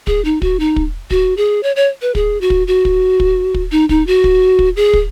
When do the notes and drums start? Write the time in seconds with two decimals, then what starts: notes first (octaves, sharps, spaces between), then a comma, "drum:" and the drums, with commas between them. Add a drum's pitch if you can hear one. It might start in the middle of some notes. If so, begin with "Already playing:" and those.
0.07 G#4, drum: kick
0.25 D#4
0.42 F#4, drum: kick
0.60 D#4
0.76 drum: kick
1.11 F#4, drum: kick
1.37 G#4
1.63 C#5
1.76 C#5
2.02 B4
2.15 G#4, drum: kick
2.41 F#4
2.50 drum: kick
2.67 F#4
2.85 drum: kick
3.20 drum: kick
3.54 drum: kick
3.72 D#4
3.89 D#4, drum: kick
4.07 F#4
4.24 drum: kick
4.59 drum: kick
4.76 G#4
4.93 drum: kick